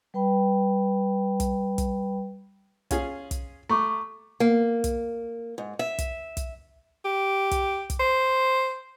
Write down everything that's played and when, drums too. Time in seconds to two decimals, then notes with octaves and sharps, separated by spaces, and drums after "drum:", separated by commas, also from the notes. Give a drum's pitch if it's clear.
0.14 G3 B4 G5 B5
1.40 drum: kick, hi-hat
1.78 drum: kick, hi-hat
2.91 C#4 F4 G#4, drum: kick, hi-hat
3.31 drum: kick, hi-hat
3.69 A3 A#5 C#6 D6
4.40 A#3
4.84 drum: kick, hi-hat
5.58 G#2
5.79 E5
5.98 drum: kick, hi-hat
6.37 drum: kick, hi-hat
7.05 G4
7.51 drum: kick, hi-hat
7.90 drum: kick, hi-hat
8.00 C5